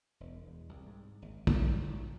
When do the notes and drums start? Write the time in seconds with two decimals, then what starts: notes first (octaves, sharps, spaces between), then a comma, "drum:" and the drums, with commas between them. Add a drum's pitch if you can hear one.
0.20 E1
0.47 E2
0.69 C2
0.86 G#2
1.22 G#1
1.47 F3, drum: kick
1.64 G#2
1.81 A2